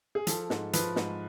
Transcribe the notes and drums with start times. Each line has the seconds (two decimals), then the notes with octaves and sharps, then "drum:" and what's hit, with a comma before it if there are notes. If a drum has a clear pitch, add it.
0.15 G#4
0.27 F3 A4, drum: hi-hat
0.50 G#2, drum: snare
0.73 F3 B4, drum: hi-hat
0.96 G#2, drum: snare